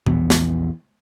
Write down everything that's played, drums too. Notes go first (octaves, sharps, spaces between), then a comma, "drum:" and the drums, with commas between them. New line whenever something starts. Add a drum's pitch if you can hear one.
A#1 E2 E3 B3, drum: tom B2
drum: snare